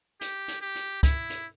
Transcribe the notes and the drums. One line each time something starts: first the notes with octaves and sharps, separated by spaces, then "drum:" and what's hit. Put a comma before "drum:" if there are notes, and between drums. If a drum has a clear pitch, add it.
G4, drum: hi-hat
drum: hi-hat
G4
drum: hi-hat
E4, drum: kick, hi-hat
drum: hi-hat